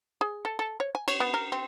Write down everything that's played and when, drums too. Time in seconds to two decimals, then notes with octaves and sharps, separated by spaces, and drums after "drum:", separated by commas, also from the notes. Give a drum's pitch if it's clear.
0.21 G#4
0.45 A4
0.59 A4
0.80 C#5
0.95 G#5
1.08 C#5, drum: cymbal
1.20 B3
1.34 A#4
1.52 C4